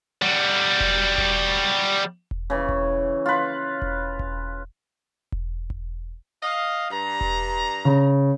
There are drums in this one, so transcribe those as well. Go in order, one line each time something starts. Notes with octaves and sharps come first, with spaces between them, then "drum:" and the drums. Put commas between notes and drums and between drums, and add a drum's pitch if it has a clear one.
G3 F#4
drum: kick E1
drum: kick E1
drum: kick E1
C#3 E3
drum: kick E1
F4 B4
drum: kick E1
drum: kick E1
drum: kick E1
drum: kick E1
D#5 F5
G2 A#5
drum: kick E1
C#3